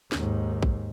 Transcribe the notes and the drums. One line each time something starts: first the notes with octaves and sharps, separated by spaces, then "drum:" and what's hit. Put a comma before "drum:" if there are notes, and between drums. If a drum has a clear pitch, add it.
D#2 G#2, drum: snare
drum: kick A#1